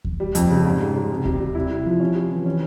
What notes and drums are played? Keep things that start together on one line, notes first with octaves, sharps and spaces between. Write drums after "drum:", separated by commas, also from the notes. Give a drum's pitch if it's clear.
drum: kick D#2
G3
F2, drum: hi-hat
C#3
G#2
G#2
G3
C3
C3, drum: kick D#2
G3
E4
C3
F3
C#4
C3
E3
C#4